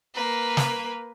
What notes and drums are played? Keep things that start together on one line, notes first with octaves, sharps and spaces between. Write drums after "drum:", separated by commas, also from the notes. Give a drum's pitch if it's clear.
A#3 B4
drum: snare